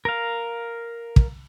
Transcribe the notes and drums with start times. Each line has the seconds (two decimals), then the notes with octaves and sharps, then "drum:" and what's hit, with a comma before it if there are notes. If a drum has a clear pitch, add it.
0.05 A#4 F5
1.16 drum: kick